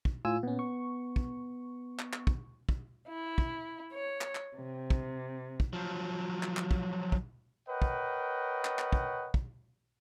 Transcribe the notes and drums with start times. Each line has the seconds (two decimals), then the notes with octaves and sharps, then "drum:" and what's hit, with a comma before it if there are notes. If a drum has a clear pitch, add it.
0.05 drum: kick
0.25 A2 F4 G#5 E6
0.43 A#2 B3 C#4
0.59 C#6
1.16 drum: kick
1.99 drum: clap
2.13 drum: clap
2.27 drum: kick
2.69 drum: kick
3.08 E4
3.38 drum: kick
3.93 C#5
4.21 drum: clap
4.35 drum: clap
4.56 C3
4.90 drum: kick
5.60 drum: kick
5.73 F3 F#3
6.43 drum: clap
6.57 drum: clap
6.71 drum: kick
7.12 drum: kick
7.69 A#4 B4 C#5 D#5 F#5 G5
7.82 drum: kick
8.65 drum: clap
8.79 drum: clap
8.92 drum: kick
9.34 drum: kick